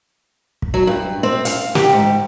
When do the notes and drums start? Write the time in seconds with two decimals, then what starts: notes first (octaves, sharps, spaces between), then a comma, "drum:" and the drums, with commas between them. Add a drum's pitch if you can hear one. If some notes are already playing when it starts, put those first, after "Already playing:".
0.62 drum: kick
0.74 F#3
0.87 G2
1.23 C4
1.45 F5, drum: hi-hat
1.75 G4, drum: snare
1.93 G#2